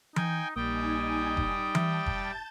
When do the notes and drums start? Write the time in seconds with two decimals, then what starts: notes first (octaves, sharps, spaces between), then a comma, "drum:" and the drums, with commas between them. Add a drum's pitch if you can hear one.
0.16 D#4 G5 G#5, drum: tom E3
0.56 A#1 G3 A#3 D#4 G5 G#5 D6 D#6
1.37 drum: kick F1
1.75 E5 A5 G6 A6, drum: tom E3
2.06 drum: kick F1